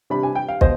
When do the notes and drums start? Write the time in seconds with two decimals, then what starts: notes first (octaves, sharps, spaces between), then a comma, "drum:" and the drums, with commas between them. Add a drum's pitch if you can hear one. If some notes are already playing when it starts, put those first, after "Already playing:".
0.10 C3 G3 D4 B5
0.23 G#5
0.35 G5
0.48 F5
0.61 B2 C5 D#5, drum: kick